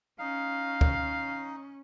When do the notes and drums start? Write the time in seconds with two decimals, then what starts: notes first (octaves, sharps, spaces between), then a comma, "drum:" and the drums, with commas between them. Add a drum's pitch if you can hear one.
0.19 C#4 D#4 F5
0.81 drum: kick C#2